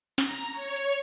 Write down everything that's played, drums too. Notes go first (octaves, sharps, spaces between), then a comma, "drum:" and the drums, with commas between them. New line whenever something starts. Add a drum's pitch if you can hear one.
A#5, drum: snare
C#5
drum: hi-hat